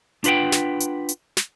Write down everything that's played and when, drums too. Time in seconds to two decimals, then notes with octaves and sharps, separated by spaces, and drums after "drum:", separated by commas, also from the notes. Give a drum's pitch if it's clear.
0.24 D4 F4 B4 F#5 G5, drum: hi-hat
0.52 drum: snare
0.80 drum: hi-hat
1.09 drum: hi-hat
1.37 drum: snare